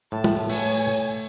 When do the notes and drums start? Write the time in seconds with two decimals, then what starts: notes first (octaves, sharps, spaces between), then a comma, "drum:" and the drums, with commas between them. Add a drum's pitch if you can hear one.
0.12 A2 A5
0.24 drum: tom
0.49 A3 C#5 G#5, drum: open hi-hat